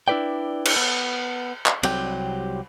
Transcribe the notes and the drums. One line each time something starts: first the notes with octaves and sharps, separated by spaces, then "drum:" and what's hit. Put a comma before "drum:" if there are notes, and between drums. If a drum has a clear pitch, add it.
D4 E4 F#4 B4 D5 G5
drum: cymbal
B3
drum: clap
C2 C3 F#3 G4 G5, drum: cymbal